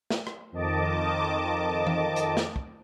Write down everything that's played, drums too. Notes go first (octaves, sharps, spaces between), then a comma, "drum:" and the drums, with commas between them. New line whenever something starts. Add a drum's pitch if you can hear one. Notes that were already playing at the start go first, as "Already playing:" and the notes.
drum: snare
drum: rim click
F2 D#3 D#5 A5 D6
drum: tom E3
drum: hi-hat
drum: snare
drum: kick